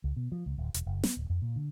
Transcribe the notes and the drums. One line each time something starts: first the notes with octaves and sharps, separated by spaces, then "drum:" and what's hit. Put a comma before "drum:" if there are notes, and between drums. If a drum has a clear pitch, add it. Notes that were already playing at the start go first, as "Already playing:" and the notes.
C#2
B2
F3
C#2
D1
E1, drum: hi-hat
F#1
B3, drum: snare
D1
F2
A#2
D3